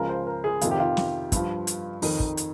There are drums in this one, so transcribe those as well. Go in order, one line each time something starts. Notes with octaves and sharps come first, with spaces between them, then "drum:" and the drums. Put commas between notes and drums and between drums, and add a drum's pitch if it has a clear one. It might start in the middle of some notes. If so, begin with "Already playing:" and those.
Already playing: C#2 C#3 F3 A#4
C5
A#4
G#4
F2 C3 D#3 F4, drum: hi-hat
G4
F4
drum: snare
G2 F3, drum: kick, hi-hat
drum: hi-hat
F2 D#3 D#4, drum: open hi-hat
drum: kick
drum: hi-hat